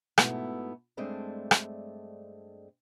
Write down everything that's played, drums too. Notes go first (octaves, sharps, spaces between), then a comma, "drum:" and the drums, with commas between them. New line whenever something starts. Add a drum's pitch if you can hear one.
G#2 B2 A3 B3 E4, drum: rim click
G2 G#3 A3 C4 D4
drum: rim click